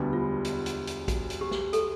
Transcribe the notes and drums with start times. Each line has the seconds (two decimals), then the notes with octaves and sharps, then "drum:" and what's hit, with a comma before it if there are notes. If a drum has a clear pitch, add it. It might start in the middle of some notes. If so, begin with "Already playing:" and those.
Already playing: E1 D2 D3 G3 B3
0.13 F4
0.45 drum: hi-hat
0.66 drum: hi-hat
0.87 drum: hi-hat
1.08 F#4, drum: kick, hi-hat
1.30 drum: hi-hat
1.41 G4
1.51 drum: snare
1.73 A4, drum: hi-hat